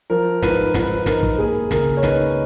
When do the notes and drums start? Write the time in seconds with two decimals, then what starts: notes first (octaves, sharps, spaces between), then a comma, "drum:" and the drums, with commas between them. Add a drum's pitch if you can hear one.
0.10 F3 A#4
0.42 G#2 B4, drum: snare
0.74 G#2 B4, drum: snare
1.06 D#4 A#4, drum: snare
1.23 drum: kick
1.38 A#3 G#4
1.71 C#2 A#4, drum: snare
1.97 C#5
2.03 D#4 B4, drum: snare